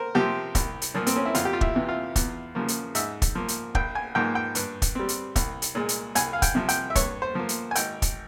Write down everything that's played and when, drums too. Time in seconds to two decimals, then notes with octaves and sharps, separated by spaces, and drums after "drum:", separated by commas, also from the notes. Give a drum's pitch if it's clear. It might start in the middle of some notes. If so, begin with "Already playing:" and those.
Already playing: A#4 C5
0.15 C3 F3 C4 G4
0.55 C2, drum: kick, hi-hat
0.82 drum: hi-hat
0.94 A#2 F3 A#3
1.07 C4, drum: hi-hat
1.16 C#4
1.26 E4
1.35 F2 F4, drum: hi-hat
1.45 G4
1.53 F4
1.61 E4, drum: kick
1.75 C3 E3
1.89 F4
2.16 E2, drum: kick, hi-hat
2.55 C#3 F3 A#3
2.68 drum: hi-hat
2.95 G#2 E5, drum: hi-hat
3.22 drum: kick, hi-hat
3.35 F3 A#3
3.48 drum: hi-hat
3.75 A#1 G5, drum: kick
3.95 G#5
4.15 G#2 F3 A#3 G5
4.35 G5
4.55 G2, drum: hi-hat
4.82 drum: kick, hi-hat
4.95 G3 C4
5.09 drum: hi-hat
5.36 C2, drum: kick, hi-hat
5.62 drum: hi-hat
5.75 A#2 G#3
5.89 drum: hi-hat
6.15 C2 G#5, drum: hi-hat
6.33 F5
6.42 G5, drum: kick, hi-hat
6.55 C3 F3
6.69 G5, drum: hi-hat
6.90 E5
6.95 G2 C#5, drum: kick, hi-hat
7.22 C5
7.35 F3 A#3
7.49 drum: hi-hat
7.71 G#5
7.75 G#1 G5, drum: hi-hat
8.02 drum: kick, hi-hat